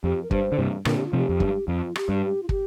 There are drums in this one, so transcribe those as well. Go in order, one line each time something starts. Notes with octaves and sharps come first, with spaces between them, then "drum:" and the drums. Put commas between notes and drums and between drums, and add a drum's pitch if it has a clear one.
F2 G4
A#4
G2 C5, drum: kick
D3
G2 C3
A#2 D3 A#4, drum: rim click
G4
F4
C3 F3 G4
F2
G2, drum: kick
F2 F4
G4, drum: rim click
G2
G4
F4
G4, drum: kick